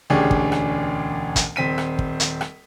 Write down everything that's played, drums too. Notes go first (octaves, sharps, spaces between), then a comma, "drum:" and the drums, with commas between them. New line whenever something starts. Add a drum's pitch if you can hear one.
E1 D2 C#4 D4 G4 G#4
drum: kick
drum: rim click
drum: kick, hi-hat
D#1 C4 B6 D#7
drum: rim click
drum: kick
drum: hi-hat
drum: rim click